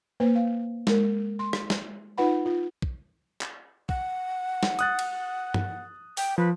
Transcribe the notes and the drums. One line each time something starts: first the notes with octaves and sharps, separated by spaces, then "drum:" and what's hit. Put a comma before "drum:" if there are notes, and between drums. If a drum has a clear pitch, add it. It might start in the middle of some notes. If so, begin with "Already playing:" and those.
A#3 B4 C5
F5
G#3 A#4, drum: snare
C6
drum: rim click
drum: snare
D#4 F4 B4 F#5 B5
F4
drum: kick
drum: clap
F#5, drum: kick
drum: snare
D#6 F#6 A6, drum: hi-hat
drum: cymbal
drum: tom G2
G5, drum: open hi-hat
F3 B4